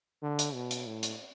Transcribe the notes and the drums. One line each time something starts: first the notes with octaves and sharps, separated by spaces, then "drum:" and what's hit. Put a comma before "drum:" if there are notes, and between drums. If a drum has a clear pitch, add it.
D3
drum: hi-hat
B2
drum: hi-hat
A2
drum: hi-hat